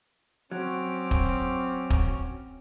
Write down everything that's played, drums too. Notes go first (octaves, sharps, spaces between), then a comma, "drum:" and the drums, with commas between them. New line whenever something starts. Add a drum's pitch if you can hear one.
F#3 C4 C#4 F#4 D6 F6
drum: kick
drum: kick